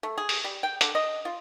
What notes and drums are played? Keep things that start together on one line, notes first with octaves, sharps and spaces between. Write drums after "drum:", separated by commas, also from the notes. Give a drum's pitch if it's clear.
A3
G#4
drum: open hi-hat
G3
G5
D3, drum: hi-hat
D#5
F4